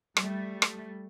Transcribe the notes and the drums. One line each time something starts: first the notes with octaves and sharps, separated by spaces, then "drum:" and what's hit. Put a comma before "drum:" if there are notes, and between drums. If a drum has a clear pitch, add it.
G3 A3, drum: rim click
drum: rim click